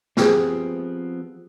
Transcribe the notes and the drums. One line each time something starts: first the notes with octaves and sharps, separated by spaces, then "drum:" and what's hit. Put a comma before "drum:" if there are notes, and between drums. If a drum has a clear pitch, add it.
F3 B3 C4 G4 G#4, drum: snare